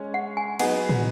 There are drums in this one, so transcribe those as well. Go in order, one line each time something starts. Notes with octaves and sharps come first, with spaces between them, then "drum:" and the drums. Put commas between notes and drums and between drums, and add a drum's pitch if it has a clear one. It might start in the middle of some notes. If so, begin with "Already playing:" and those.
Already playing: G#3 C#4 C#5
F#5
G#5
F#3 B3 D#4 G#4 F#5, drum: cymbal
drum: tom